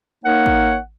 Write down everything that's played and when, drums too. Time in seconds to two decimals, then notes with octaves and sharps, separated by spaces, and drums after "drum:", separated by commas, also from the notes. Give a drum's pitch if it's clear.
0.25 A#3 D#4 A#4 C#5 F#5
0.46 drum: kick